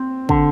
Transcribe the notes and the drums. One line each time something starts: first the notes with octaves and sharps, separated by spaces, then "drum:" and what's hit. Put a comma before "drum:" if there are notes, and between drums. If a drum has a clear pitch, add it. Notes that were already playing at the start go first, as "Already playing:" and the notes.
Already playing: C4
D3, drum: kick